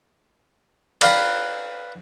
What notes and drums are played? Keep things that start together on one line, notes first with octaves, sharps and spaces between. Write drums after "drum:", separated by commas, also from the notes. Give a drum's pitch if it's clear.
B4 D5 F5 G5 A#5 B5, drum: cymbal